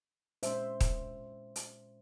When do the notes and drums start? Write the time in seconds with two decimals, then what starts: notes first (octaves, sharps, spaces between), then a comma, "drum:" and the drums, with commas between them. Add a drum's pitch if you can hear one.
0.43 A#2 G#3 C#4 C5 E5, drum: hi-hat
0.81 drum: kick D#1, hi-hat
1.56 drum: hi-hat